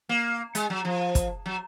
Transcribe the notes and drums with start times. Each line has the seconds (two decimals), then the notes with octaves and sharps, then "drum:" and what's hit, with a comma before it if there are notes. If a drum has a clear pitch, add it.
0.09 A#3
0.55 G#3, drum: hi-hat
0.70 F#3
0.85 F3
1.15 drum: kick, hi-hat
1.46 F#3